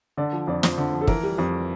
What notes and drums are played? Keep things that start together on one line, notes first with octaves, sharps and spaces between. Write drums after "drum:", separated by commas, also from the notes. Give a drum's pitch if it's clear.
D3 D5
F3
F2 D5
F2 C5, drum: snare
D3
F3
A4
E3 A#4, drum: kick
G3
F2